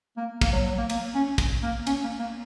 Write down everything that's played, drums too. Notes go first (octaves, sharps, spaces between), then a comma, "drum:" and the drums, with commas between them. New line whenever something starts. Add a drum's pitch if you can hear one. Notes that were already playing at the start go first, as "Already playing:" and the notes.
A#3
A#3, drum: kick, cymbal
F#3
F#3
A#3
A#3, drum: cymbal
C#4
drum: kick, cymbal
A#3
C#4, drum: cymbal
A#3
A#3